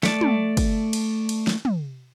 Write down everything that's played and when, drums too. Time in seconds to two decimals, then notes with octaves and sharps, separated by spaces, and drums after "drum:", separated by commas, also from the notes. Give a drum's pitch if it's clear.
0.03 A3 D5 A5, drum: snare
0.21 drum: tom
0.57 drum: kick, cymbal
0.93 drum: cymbal
1.29 drum: cymbal
1.47 drum: snare
1.65 drum: tom